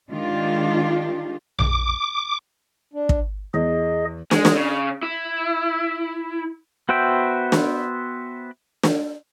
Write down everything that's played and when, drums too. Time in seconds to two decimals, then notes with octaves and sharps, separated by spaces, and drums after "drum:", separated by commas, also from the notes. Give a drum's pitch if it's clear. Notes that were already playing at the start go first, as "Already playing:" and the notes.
0.12 D#3 G#3 D4 F4 G4
1.59 D6, drum: tom A#1
2.94 D4
3.09 drum: kick
3.54 E2 G#4 D#5
4.31 G#3, drum: snare
4.45 drum: snare
4.55 C#3
5.03 E4
6.89 B3 F#4 C5 E5 G5
7.52 drum: snare
8.83 drum: snare